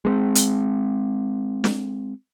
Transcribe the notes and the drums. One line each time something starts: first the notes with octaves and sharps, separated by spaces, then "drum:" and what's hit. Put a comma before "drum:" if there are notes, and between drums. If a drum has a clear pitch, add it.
G#3 A#3 C4
drum: hi-hat
drum: snare